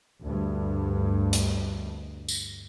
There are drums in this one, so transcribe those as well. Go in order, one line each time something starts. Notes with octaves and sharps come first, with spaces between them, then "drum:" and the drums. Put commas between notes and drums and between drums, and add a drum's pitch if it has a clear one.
D2 G2
drum: hi-hat
drum: tambourine